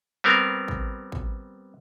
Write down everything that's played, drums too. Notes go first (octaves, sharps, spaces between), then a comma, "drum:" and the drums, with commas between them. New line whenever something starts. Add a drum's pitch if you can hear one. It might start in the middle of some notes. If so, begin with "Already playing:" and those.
G3 B3 C4 A#4
drum: kick
drum: kick